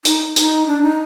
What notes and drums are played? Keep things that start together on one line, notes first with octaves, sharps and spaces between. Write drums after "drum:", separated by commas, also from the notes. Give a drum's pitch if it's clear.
D#4, drum: hi-hat
D#4, drum: hi-hat
D4
D#4